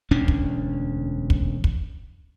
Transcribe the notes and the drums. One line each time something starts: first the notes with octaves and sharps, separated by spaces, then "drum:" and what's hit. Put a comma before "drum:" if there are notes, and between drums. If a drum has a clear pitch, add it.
E1 D2 C#4 D4
drum: kick
drum: kick
drum: kick